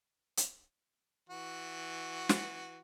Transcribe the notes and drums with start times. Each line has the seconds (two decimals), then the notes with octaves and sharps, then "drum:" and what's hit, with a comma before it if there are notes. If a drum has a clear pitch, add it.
0.37 drum: hi-hat
1.29 E3 F#4
2.29 drum: snare